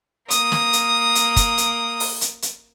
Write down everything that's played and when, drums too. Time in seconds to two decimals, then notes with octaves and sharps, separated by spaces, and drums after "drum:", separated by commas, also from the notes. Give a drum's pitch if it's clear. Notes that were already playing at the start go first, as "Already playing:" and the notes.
0.30 A#3 D#6, drum: hi-hat
0.52 drum: snare
0.73 drum: hi-hat
1.15 drum: hi-hat
1.36 drum: kick, hi-hat
1.58 drum: hi-hat
2.00 drum: open hi-hat
2.21 drum: hi-hat
2.42 drum: hi-hat